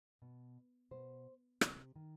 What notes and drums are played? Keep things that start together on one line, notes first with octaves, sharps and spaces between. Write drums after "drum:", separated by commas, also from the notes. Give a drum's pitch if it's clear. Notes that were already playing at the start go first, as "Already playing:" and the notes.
B2
B2 C5
C3, drum: rim click
D#3